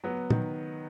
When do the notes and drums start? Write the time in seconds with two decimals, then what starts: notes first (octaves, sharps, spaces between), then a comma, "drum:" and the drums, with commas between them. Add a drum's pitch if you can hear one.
0.04 F#3 B3
0.30 D#3, drum: tom